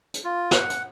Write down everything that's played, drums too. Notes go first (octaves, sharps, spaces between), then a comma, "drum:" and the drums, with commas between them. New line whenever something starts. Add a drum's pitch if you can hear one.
drum: hi-hat
F4
F#5, drum: snare
drum: hi-hat